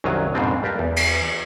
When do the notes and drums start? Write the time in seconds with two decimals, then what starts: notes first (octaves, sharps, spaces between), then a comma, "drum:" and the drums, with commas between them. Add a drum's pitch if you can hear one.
0.04 C2 F#2 D#3 F#3 F5 G#5
0.34 F2 G#2 B2 C4 D4
0.63 G4 A#4 B4 D5 F5 A5
0.79 E2
0.96 drum: cymbal